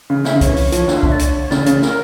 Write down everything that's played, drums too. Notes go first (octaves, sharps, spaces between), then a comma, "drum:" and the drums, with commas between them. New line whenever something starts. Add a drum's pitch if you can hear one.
C#3
C#3 E5, drum: snare
C#3
C#5, drum: kick B1, hi-hat
E3
drum: open hi-hat
F3, drum: hi-hat
D3, drum: snare
F5
D3 E5, drum: kick B1
D5
C#5, drum: hi-hat
C#5
C#3 D5, drum: snare
D5
C#3 C#5, drum: hi-hat
A#4, drum: snare